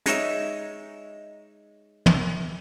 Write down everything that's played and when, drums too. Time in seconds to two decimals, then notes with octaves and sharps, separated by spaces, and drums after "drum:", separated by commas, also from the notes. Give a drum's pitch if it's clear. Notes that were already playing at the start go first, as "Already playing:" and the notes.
0.06 G#3 D#4 C#5 E5, drum: hi-hat
2.06 drum: tom